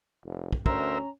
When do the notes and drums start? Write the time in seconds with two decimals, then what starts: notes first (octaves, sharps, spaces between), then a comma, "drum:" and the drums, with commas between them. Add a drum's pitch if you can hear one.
0.25 F1
0.52 drum: kick
0.66 D2 C#4 A#4 C5 E5 A#5, drum: kick